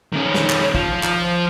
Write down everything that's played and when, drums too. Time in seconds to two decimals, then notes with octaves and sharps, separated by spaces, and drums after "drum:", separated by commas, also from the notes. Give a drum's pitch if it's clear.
0.13 D#3 C#4
0.34 drum: snare
0.50 drum: clap
0.75 F3, drum: kick
1.03 drum: clap